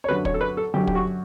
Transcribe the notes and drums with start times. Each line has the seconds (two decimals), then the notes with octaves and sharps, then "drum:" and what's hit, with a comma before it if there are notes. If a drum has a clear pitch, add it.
0.04 C#5
0.09 F#2 D3 F#3 B4
0.25 C#5, drum: kick
0.34 A4
0.41 B4
0.57 A4
0.74 F#2 D3 F#3 G4
0.87 G4, drum: kick
0.95 F#4